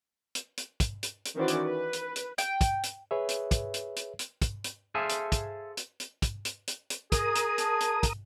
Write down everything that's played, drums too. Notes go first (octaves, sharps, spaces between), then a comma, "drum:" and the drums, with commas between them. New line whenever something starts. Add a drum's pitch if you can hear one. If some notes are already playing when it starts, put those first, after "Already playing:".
drum: hi-hat
drum: hi-hat
drum: kick, hi-hat
drum: hi-hat
drum: hi-hat
D#3 E3 C#4 F#4 C5 D5
drum: hi-hat
B4
drum: hi-hat
drum: hi-hat
G5, drum: hi-hat
drum: kick, hi-hat
drum: hi-hat
G#4 B4 C#5 E5
drum: hi-hat
drum: kick, hi-hat
drum: hi-hat
drum: hi-hat
drum: hi-hat
drum: kick, hi-hat
drum: hi-hat
G#4 A4 C5 E5 F5 G#5
drum: hi-hat
drum: kick, hi-hat
drum: hi-hat
drum: hi-hat
drum: kick, hi-hat
drum: hi-hat
drum: hi-hat
drum: hi-hat
G#4 A#4 D#6, drum: kick, hi-hat
drum: hi-hat
A5, drum: hi-hat
drum: hi-hat
drum: kick, hi-hat